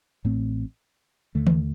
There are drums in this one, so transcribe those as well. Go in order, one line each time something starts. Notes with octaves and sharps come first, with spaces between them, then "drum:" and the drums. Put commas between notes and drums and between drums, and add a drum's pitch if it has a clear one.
A1 A2 A3 C4
D#2 D3 A3
drum: tom D#3